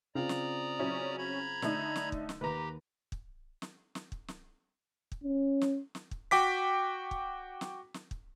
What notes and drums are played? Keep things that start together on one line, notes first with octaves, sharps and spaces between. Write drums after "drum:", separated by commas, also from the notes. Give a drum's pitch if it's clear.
C#3 C4 F4 D5 A#5 D#6
drum: snare
F#3 C#4 E4
A#5 B5 G#6
D3 A3 D#4, drum: snare
drum: snare
drum: kick
drum: snare
D#2 G4 B4 A#5
drum: kick
drum: snare
drum: snare
drum: kick
drum: snare
drum: kick
C#4
drum: snare
drum: snare
drum: kick
F#4 G5 D6 B6
drum: kick
drum: snare
drum: snare
drum: kick